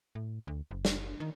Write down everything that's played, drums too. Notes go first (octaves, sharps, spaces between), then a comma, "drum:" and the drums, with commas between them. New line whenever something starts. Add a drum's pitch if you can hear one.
A2
D2
F#1
drum: snare
D#3